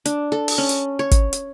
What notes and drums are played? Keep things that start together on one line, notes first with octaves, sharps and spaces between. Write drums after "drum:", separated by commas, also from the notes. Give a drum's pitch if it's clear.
D4, drum: hi-hat
A4
drum: open hi-hat
C#4
drum: hi-hat
C#5
drum: kick, hi-hat
drum: hi-hat